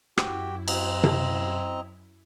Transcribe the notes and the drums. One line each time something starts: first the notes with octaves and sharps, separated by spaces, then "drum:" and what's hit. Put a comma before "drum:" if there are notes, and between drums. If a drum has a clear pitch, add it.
F#2 E4 F#4 G4 G5, drum: rim click
C4 D#5 A#5, drum: cymbal
drum: tom C3